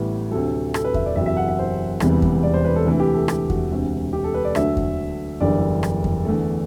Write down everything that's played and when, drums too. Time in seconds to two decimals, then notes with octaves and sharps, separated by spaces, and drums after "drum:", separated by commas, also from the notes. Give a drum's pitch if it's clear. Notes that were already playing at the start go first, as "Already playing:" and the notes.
Already playing: A1 A2 E3 G3 B3
0.31 D2 C3 F#3 A4
0.74 A4, drum: rim click
0.84 B4
0.94 E5, drum: kick E2
1.06 D5
1.16 F#1 E2 C3 F#3 E5
1.26 E5
1.37 F#5
1.48 E5
1.59 C5
2.00 E1 E2 C3 G3 B3, drum: rim click
2.22 drum: kick E2
2.43 D5
2.54 C5
2.64 B4
2.76 A4
2.86 D2 C3 E3 A3
3.00 G4
3.14 A4
3.28 G4, drum: rim click
3.50 F#4, drum: kick E2
3.71 E1 D2 C3
4.13 G4
4.24 A4
4.34 B4
4.45 D5
4.55 D2 D3 F#3 A3 E5, drum: rim click
4.77 drum: kick E2
5.40 F#1 E2 D3 G3 D5
5.83 drum: rim click
6.04 drum: kick E2
6.25 E2 D3 A3